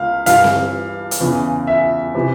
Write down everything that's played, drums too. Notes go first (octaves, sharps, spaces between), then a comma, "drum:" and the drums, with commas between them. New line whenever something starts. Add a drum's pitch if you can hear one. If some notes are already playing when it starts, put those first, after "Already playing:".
Already playing: C#2 F5
G2 E3 F5, drum: hi-hat
drum: snare C4
drum: hi-hat
E2 C#3 E3
E5
C3 E3